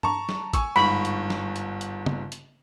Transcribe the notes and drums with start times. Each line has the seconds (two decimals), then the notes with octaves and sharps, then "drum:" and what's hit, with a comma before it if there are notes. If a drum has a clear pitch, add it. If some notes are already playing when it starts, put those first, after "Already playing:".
0.03 A5 A#5 C#6, drum: tom G2
0.29 drum: snare
0.53 G#5 C#6 E6, drum: kick, hi-hat
0.76 G1 G#2 B5 C#6
1.05 drum: hi-hat
1.30 drum: snare
1.56 drum: hi-hat
1.81 drum: hi-hat
2.06 drum: tom
2.32 drum: hi-hat